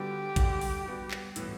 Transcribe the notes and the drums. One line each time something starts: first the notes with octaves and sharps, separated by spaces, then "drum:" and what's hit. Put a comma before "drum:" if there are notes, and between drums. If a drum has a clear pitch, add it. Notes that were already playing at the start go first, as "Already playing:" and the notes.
Already playing: D3 G3 B3 F#4 G4
D3 G3 D4 F#4, drum: kick A#1, hi-hat
drum: open hi-hat
G3 B3 F#4
drum: clap
A2 E3 B3, drum: hi-hat